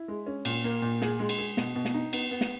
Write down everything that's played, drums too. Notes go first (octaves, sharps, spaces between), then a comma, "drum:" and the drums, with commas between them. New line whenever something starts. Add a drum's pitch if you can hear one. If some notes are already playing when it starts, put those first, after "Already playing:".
Already playing: E4
G#3
C#4
A#2, drum: cymbal
A#3
A#2
G#4, drum: snare
G#3
drum: cymbal
G#4
B2, drum: snare
B2
drum: snare
D#4
B3, drum: cymbal
B3
drum: snare